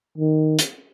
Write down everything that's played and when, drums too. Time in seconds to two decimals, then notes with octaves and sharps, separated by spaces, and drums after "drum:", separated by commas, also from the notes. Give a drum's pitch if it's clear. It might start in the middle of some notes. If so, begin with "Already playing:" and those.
0.18 D#3
0.59 drum: hi-hat